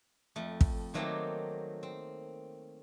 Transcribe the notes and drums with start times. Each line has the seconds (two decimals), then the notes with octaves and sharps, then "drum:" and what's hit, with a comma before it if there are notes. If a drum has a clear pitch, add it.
0.36 F2 A3
0.61 drum: kick
0.94 D#3 F#3 A3 A#3 C4 G4
1.83 C4